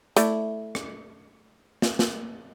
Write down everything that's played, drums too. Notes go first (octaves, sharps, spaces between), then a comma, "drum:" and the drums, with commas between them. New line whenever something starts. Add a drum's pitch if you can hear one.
A3 E4 D5, drum: hi-hat
drum: rim click
drum: snare
drum: snare